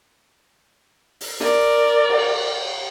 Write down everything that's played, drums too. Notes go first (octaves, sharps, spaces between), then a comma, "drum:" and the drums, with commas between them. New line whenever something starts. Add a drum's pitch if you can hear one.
drum: open hi-hat
A#4 D5, drum: snare
drum: cymbal